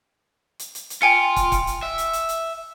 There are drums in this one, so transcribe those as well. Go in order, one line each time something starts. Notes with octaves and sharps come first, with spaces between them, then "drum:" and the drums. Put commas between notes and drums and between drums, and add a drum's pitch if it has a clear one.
drum: hi-hat
drum: hi-hat
drum: hi-hat
F4 G5 G#5 C#7
drum: kick, hi-hat
drum: kick, hi-hat
drum: hi-hat
E5
drum: hi-hat
drum: hi-hat
drum: hi-hat